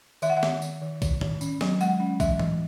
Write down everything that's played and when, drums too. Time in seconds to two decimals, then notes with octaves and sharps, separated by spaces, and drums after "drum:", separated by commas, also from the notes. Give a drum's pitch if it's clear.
0.22 D#3 E5, drum: tambourine
0.30 F#5
0.37 E5
0.43 D#3, drum: snare
0.62 D#3, drum: tambourine
0.81 D#3
1.02 D#3, drum: kick, tambourine
1.21 D#3, drum: tom G#2
1.41 C#4, drum: tambourine
1.61 F#3, drum: snare
1.80 G#3 F#5, drum: tambourine
2.00 C#4
2.20 E3 E5, drum: kick, tambourine
2.40 E3, drum: tom G#2